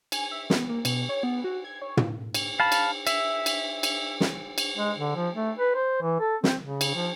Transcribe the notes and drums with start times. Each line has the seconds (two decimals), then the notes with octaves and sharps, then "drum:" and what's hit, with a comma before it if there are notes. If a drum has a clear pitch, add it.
0.12 G#5, drum: cymbal
0.31 E5
0.50 B3, drum: snare
0.69 A#3
0.85 B2, drum: cymbal
1.09 C#5
1.23 B3
1.44 F#4
1.64 G#6
1.82 C#5
1.97 drum: tom
2.35 drum: cymbal
2.60 F5 A5 B5
2.72 drum: cymbal
3.07 E5, drum: cymbal
3.46 drum: cymbal
3.83 drum: cymbal
4.20 drum: snare
4.58 drum: cymbal
4.77 G#3
4.99 D3
5.16 F3
5.35 A3
5.59 B4
5.75 C5
6.02 E3
6.20 A4
6.44 C4, drum: snare
6.61 C#3
6.81 drum: cymbal
6.95 F3